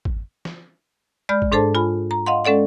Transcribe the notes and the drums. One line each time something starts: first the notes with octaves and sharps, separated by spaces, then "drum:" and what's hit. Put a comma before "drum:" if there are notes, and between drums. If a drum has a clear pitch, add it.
drum: kick G#1
drum: snare
G#3 D5 B5 F6 G6
drum: kick G#1
G#2 D4 G#4 A4 C5 A5
F4 G#5 B5
A#5
D#5 F5 F#5 C6
G#3 C#4 A4 D5 F#5